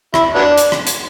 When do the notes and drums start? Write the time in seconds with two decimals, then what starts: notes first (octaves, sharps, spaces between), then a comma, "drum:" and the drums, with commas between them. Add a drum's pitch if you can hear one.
0.14 E4, drum: rim click
0.35 F#3 B3 D4
0.58 drum: hi-hat
0.72 drum: rim click
0.87 drum: hi-hat